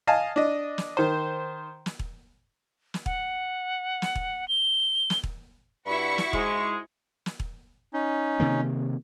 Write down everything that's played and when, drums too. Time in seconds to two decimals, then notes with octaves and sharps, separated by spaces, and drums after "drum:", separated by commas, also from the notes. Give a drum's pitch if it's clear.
0.07 D#5 F5 G#5 A5
0.36 D4 D#5
0.78 drum: snare
0.97 D#3 C5
1.86 drum: snare
1.99 drum: kick E1
2.94 drum: snare
3.06 F#5, drum: kick E1
4.02 drum: snare
4.15 drum: kick E1
4.48 G7
5.10 drum: snare
5.23 drum: kick E1
5.86 G2 E4 F#4 B5 C#6
6.18 drum: snare
6.33 G#2 G#3, drum: kick E1
7.26 drum: snare
7.40 drum: kick E1
7.94 C#4 D#4
8.40 C3 D#3 A#3